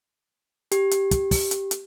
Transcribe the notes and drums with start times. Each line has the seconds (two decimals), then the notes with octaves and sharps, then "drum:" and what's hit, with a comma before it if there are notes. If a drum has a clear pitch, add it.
0.72 G4, drum: hi-hat
0.91 drum: hi-hat
1.11 drum: kick, hi-hat
1.31 drum: kick, open hi-hat
1.51 drum: hi-hat
1.71 drum: hi-hat